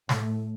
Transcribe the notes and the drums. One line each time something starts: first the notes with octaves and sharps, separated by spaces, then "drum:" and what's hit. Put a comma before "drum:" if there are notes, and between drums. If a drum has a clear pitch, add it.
A2 A3, drum: snare